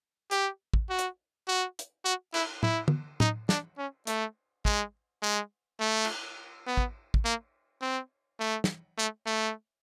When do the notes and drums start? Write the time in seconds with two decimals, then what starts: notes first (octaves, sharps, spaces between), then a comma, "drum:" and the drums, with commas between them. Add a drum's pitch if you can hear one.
0.31 G4, drum: hi-hat
0.74 drum: kick
0.90 F#4
0.99 drum: hi-hat
1.48 F#4
1.79 drum: hi-hat
2.05 F#4
2.34 E4, drum: cymbal
2.63 E4, drum: tom A2
2.88 drum: tom
3.20 D#4, drum: tom A2
3.49 D4, drum: snare
3.78 C#4
4.07 A3, drum: hi-hat
4.65 G#3, drum: kick
5.22 G#3
5.80 A3
6.05 drum: cymbal
6.67 B3
6.77 drum: kick
7.14 drum: kick
7.25 A#3
7.82 C4
8.40 A3
8.64 drum: snare
8.98 A3
9.26 A3